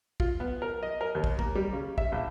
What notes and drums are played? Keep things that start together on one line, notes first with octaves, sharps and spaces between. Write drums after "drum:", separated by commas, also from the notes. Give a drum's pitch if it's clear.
F4, drum: kick
B3
A#4
D#5
A#4
D#2
drum: kick
A#3, drum: kick
G3
C#3
E5, drum: kick
A#1